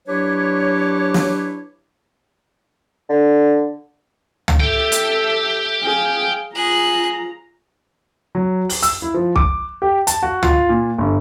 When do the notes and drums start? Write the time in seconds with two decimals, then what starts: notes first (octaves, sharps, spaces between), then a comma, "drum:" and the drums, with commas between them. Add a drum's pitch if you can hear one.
0.08 F#3 D4 E4 G4 B4 C#5
1.14 drum: snare
3.09 D3
4.48 drum: tom
4.60 G4 A4 E5 G5
4.92 drum: hi-hat
5.83 G#4 F5
6.55 F4 G#4 A#5 F#6
8.35 F#3
8.69 F#7, drum: open hi-hat
8.83 E6, drum: hi-hat
9.02 E4
9.14 F3
9.36 D6, drum: kick B1
9.82 G4
10.07 A5, drum: hi-hat
10.22 F#4
10.43 F4, drum: tom
10.69 A#2
10.98 G1